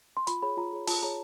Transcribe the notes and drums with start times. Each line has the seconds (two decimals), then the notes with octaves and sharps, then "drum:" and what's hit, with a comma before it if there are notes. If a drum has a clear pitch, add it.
0.17 C6
0.27 F4 B5, drum: hi-hat
0.42 G#4 C#5 B5
0.57 F4 A#5
0.73 G#4 C#5
0.87 F4 A5, drum: open hi-hat
1.02 G#4 C#5 A#5